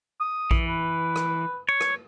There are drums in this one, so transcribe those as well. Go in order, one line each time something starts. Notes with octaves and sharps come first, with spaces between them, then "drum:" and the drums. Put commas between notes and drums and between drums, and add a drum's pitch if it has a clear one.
D#6
E3, drum: kick A#1
B4
drum: rim click
C#5
drum: rim click